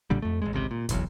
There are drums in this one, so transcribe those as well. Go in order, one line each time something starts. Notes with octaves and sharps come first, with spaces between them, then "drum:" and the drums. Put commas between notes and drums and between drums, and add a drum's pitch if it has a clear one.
B1 A#2 D3 G3
F2 A3
A1 A2 G#3
G#1 C#2 C3
A#2
D1 B1 E2, drum: kick, hi-hat